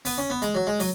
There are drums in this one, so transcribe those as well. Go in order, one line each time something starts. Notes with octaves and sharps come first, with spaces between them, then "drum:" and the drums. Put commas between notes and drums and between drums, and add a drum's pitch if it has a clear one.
B3, drum: open hi-hat
C#4
B3
G#3, drum: hi-hat
F#3
G#3
F#3, drum: open hi-hat